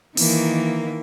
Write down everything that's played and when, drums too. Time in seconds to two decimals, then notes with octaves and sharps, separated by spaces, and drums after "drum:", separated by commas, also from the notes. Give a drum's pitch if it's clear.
0.17 D#3 E3 A#3, drum: open hi-hat